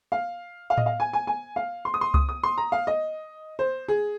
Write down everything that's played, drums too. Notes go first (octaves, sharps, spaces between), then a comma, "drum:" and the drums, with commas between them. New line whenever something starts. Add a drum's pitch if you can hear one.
F5
F5
D#5, drum: tom A2
F5
G#5
G#5
G#5
F5
C6
D#6
C6
D#6, drum: kick C#2
D#6
C6
A#5
F5
D#5
C5
G#4